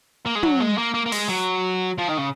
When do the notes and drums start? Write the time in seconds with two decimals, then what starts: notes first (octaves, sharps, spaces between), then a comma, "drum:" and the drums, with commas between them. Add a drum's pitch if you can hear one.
0.26 A#3
0.35 G#3
0.43 F#3, drum: tom
0.60 G#3
0.78 A#3
0.94 A#3
1.06 A#3
1.12 G#3, drum: open hi-hat
1.29 F#3
1.98 F3
2.08 D#3
2.17 C#3